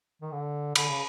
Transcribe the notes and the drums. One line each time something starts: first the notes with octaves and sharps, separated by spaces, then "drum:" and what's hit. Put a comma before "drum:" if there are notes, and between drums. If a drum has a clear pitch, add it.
D#3
D3
D3, drum: cymbal
C#3